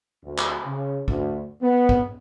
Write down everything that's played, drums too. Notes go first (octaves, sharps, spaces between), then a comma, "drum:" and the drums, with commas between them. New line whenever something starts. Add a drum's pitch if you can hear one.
D2
drum: clap
C#3
D2, drum: kick
B3
drum: kick